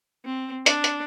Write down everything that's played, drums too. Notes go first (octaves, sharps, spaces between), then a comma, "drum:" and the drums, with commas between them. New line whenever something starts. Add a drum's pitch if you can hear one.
C4
D4, drum: hi-hat
drum: hi-hat